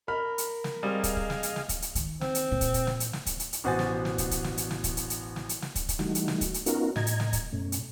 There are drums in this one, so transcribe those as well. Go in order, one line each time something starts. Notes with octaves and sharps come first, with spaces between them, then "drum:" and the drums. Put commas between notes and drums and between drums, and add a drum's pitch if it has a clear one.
A#4 B5 F6
drum: hi-hat
drum: snare
G3 C4 G#4 D#5 F5
drum: kick, hi-hat
drum: kick
drum: snare
drum: hi-hat
drum: snare
drum: kick, hi-hat
drum: hi-hat
D#3, drum: hi-hat
C4, drum: snare
drum: hi-hat
A#2
drum: kick, hi-hat
drum: kick, hi-hat
drum: snare
drum: hi-hat
drum: snare
drum: kick, hi-hat
drum: hi-hat
drum: hi-hat
A1 B2 F#4 C5 G#5 A6
drum: snare
drum: snare
drum: kick, hi-hat
drum: kick, hi-hat
drum: snare
drum: hi-hat
drum: snare
drum: kick, hi-hat
drum: hi-hat
drum: hi-hat
drum: snare
drum: hi-hat
drum: snare
drum: kick, hi-hat
drum: kick, hi-hat
E3 G3 A3 D#4 F#4, drum: snare
drum: hi-hat
drum: snare
drum: kick, hi-hat
drum: hi-hat
B3 C#4 D#4 F4 F#4 A#4, drum: hi-hat
A2 D#5 A#5 G#6, drum: snare
drum: hi-hat
drum: snare
drum: kick, hi-hat
F#2 B2 A3 C#4
drum: hi-hat